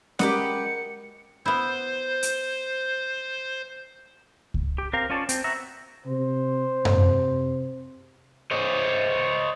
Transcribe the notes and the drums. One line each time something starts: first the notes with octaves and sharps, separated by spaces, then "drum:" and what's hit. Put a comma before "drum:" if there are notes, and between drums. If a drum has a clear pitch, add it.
G#3 C#4 G4 A#4 B4 D#5 F#5 C#7, drum: snare
B3 E4 C5
drum: hi-hat
drum: kick C#2
G4
C4 G4 A#4 F5
C#4 F4 C#5 D5 A5
C4, drum: hi-hat
B3 F#4 E5 A#5
C3 C5
C3, drum: tom F#2
C5 C#5 D#5